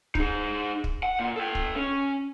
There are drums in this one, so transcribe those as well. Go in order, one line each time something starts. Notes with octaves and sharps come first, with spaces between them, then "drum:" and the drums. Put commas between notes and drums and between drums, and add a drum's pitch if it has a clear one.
D#4 G#4, drum: kick
drum: kick
F#5
A#2
A4 G5
drum: kick
C#4